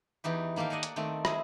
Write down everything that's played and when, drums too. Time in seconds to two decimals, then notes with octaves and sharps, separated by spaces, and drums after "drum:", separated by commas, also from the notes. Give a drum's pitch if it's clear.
0.24 E2 E3 D#4 G4
0.56 D#3 A#3 G4 A4 F5
0.70 D5 D#5 F#5 G#5 A#5
0.83 drum: hi-hat
0.96 D#3 A3 C4 D5
1.25 E4 G#4, drum: rim click